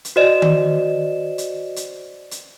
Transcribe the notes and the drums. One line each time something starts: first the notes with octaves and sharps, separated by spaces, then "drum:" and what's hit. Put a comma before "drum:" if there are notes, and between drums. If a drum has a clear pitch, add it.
drum: hi-hat
F#4 C5 D5 D#5 E7
drum: tom D#3
drum: hi-hat
drum: hi-hat
drum: hi-hat